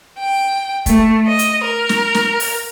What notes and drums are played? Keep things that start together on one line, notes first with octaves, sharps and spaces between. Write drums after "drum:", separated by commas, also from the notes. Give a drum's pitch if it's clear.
G5
A3, drum: kick, hi-hat
D#5
drum: hi-hat
A#4
drum: snare
drum: snare
drum: open hi-hat